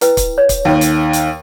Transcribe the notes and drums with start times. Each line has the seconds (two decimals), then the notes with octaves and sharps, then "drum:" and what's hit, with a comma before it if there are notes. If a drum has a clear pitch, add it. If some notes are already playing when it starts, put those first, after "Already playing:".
0.01 E4 B4 G5, drum: hi-hat
0.17 drum: kick, hi-hat
0.38 C#5
0.49 drum: kick, hi-hat
0.65 D#2 D#3
0.81 drum: hi-hat
1.13 drum: hi-hat